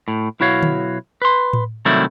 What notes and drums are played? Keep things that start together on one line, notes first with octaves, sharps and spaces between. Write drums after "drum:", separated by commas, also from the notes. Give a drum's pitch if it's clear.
A2
B1 E4 F#4 C#5 F5
drum: tom D3
B4 C6
drum: tom A2
C3 D#3 F#3 G3 A3 E4